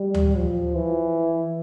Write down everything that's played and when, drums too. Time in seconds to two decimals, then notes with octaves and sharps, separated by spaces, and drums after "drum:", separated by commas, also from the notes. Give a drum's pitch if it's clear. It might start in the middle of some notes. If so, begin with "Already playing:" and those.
Already playing: G3
0.15 drum: tom D2
0.37 F3
0.75 E3